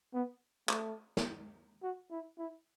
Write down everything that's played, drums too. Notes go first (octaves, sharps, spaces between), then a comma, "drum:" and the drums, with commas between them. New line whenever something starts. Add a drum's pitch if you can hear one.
B3
A3, drum: clap
drum: snare
F#4
E4
E4